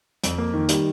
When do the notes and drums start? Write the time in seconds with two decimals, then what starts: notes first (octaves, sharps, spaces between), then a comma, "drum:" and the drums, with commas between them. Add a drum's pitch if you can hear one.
0.24 F2, drum: hi-hat
0.38 A#3
0.53 D#3
0.69 G3, drum: hi-hat